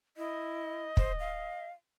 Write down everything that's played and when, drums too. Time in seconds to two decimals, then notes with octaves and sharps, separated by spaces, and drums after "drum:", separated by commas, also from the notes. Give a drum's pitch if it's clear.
0.17 E4 D#5
0.97 C5, drum: kick
1.20 F5